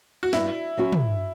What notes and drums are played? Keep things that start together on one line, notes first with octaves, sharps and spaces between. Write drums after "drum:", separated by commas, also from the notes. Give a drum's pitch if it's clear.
F#4
G2 E4, drum: snare
F#3 C#4 F#4
drum: tom